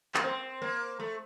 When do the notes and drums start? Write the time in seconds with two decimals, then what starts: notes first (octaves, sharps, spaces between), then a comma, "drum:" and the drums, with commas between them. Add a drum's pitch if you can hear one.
0.14 A#3, drum: clap
0.24 C4
0.62 A#3
1.00 A3